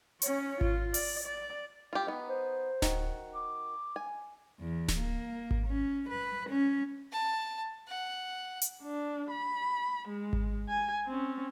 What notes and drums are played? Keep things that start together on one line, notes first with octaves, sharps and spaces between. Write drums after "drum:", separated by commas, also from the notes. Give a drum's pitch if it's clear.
C#4 C#5, drum: hi-hat
F4, drum: kick G#1
D5, drum: open hi-hat
D5
F4 G4
B3 D#4
C5
D#3 F#4, drum: snare D1
D6
G#5
E2
drum: snare D1
A#3
drum: kick G#1
C#4
B4
C#4
A5
F#5
drum: hi-hat
D4
B5
G#3
drum: kick G#1
G#5
C4 C#4